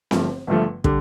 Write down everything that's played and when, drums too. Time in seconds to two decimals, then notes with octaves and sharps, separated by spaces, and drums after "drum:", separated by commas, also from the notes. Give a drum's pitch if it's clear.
0.11 G1 G2 F3 A3, drum: snare C4
0.47 G1 G2 F3 A3
0.84 D3 G3, drum: kick